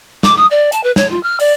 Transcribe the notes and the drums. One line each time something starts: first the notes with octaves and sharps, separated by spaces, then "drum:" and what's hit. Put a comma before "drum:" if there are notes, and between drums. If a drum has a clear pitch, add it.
D6, drum: snare
D#6
D5
A5, drum: hi-hat
B4
C#5, drum: snare
F4
F6
D5, drum: open hi-hat